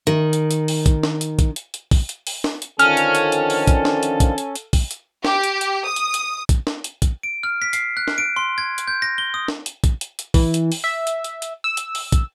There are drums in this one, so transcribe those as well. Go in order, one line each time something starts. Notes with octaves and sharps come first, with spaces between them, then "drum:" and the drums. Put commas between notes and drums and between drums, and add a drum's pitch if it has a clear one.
D#3
drum: hi-hat
drum: hi-hat
drum: open hi-hat
drum: kick, hi-hat
drum: snare
drum: hi-hat
drum: kick, hi-hat
drum: hi-hat
drum: hi-hat
drum: kick, open hi-hat
drum: hi-hat
drum: open hi-hat
drum: snare
drum: hi-hat
D3 D#3 F3 C#4 A4 F6, drum: hi-hat
drum: hi-hat
drum: hi-hat
drum: hi-hat
drum: open hi-hat
drum: kick, hi-hat
drum: snare
drum: hi-hat
drum: kick, hi-hat
drum: hi-hat
drum: hi-hat
drum: kick, open hi-hat
drum: hi-hat
G4, drum: snare
drum: hi-hat
drum: hi-hat
D#6
drum: hi-hat
drum: hi-hat
drum: kick, hi-hat
drum: snare
drum: hi-hat
drum: kick, hi-hat
D7
F6
B6
C7, drum: hi-hat
F#6
drum: snare
D7
C6
G#6
drum: hi-hat
G6
A#6
G7
D#6
drum: snare
drum: hi-hat
drum: kick, hi-hat
drum: hi-hat
drum: hi-hat
E3, drum: kick, open hi-hat
drum: hi-hat
drum: open hi-hat
E5
drum: hi-hat
drum: hi-hat
drum: hi-hat
E6
drum: hi-hat
drum: open hi-hat
drum: kick, hi-hat